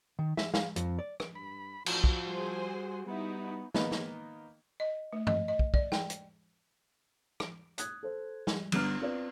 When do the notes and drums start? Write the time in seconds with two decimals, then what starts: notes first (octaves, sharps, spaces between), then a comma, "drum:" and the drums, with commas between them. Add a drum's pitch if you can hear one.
0.19 D#3
0.37 E5, drum: snare
0.54 F5, drum: snare
0.76 F2, drum: hi-hat
0.99 D5
1.20 drum: rim click
1.35 G2 B5
1.86 A1 F3 F#4, drum: cymbal
2.04 drum: kick
2.27 G3 G#4 C5 C6
3.07 G3 B3 D#4 E4 F#4
3.74 D#3 A#3 B3 D#4, drum: snare
3.91 drum: snare
4.80 D#5
5.13 A3
5.27 D#5, drum: tom G2
5.48 D#5
5.59 drum: kick
5.74 D5, drum: kick
5.92 G5, drum: snare
6.10 drum: hi-hat
7.40 drum: rim click
7.78 D#6 F#6 G#6, drum: hi-hat
8.03 A4 C5
8.47 G3, drum: snare
8.72 G1 G2 B3 A#5 F6, drum: cymbal
9.01 C4 F4 B4 D5